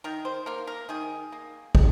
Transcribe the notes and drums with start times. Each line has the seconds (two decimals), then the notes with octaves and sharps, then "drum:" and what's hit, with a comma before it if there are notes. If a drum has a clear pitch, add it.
0.04 D#3 A#4
0.25 C5
0.46 A#3 A#4
0.67 A#4
0.89 D#3 G#4
1.32 A#3
1.75 D#3, drum: kick